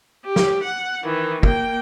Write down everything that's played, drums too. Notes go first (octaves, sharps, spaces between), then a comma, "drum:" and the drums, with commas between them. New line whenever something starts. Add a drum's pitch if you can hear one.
G4
drum: snare
F#5
D#3 E3
A#3 G5, drum: kick